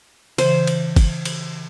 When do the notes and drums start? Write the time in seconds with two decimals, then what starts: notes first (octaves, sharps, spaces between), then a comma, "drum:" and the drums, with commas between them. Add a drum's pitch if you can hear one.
0.38 C#3 E3 C5, drum: cymbal
0.67 drum: cymbal
0.96 drum: kick, cymbal
1.25 drum: cymbal